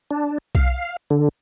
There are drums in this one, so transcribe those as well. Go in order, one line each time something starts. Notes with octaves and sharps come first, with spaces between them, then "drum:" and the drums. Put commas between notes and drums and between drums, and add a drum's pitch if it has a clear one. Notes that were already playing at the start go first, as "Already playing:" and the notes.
D4
F5, drum: kick B1
D3